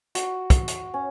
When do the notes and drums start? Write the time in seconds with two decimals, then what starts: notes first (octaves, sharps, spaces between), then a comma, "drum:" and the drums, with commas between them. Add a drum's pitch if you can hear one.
0.15 F#4, drum: hi-hat
0.50 drum: kick, hi-hat
0.68 drum: hi-hat
0.94 C#4